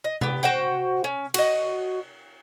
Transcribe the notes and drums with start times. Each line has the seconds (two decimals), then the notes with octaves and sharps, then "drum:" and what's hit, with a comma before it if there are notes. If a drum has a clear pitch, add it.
0.04 D#5
0.21 B3 G4, drum: tom C3
0.43 F#4 C5 F#5 G5
1.04 C#4
1.34 F#4 D#5, drum: cymbal